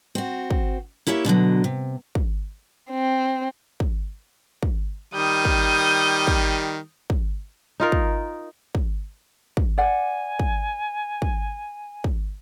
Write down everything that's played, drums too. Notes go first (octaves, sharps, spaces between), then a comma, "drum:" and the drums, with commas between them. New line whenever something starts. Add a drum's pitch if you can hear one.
C4 F#4
drum: kick
A#3 E4 G4 C#5 E5
B2 D3 D#3 F#3
C3
drum: kick
C4
drum: kick
drum: kick
D#3 G3 D#6 G6
drum: kick
drum: kick
drum: kick
D#4 F4 A#4
drum: kick
drum: kick
drum: kick
D5 F#5 G#5
drum: kick
drum: kick
drum: kick